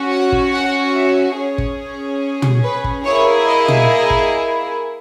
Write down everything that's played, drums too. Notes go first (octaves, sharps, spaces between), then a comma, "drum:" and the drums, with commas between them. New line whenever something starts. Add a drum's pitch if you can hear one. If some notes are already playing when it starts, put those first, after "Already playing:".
Already playing: C#4 F#4
F#5
drum: kick
F#5
E5
C#4 G#4 C#5
drum: kick
drum: tom
B4
drum: kick
A#3 E4 G#4 C#5
D#5
drum: tom
D#5
drum: kick